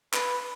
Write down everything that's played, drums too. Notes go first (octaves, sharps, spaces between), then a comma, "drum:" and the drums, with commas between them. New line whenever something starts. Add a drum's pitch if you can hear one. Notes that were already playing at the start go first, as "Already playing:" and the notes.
B4, drum: clap